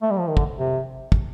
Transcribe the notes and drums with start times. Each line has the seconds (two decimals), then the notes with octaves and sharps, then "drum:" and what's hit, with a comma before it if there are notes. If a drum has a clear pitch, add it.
0.02 A3
0.11 G3
0.19 F3
0.28 D#3
0.37 D3, drum: kick
0.59 C3
1.12 drum: kick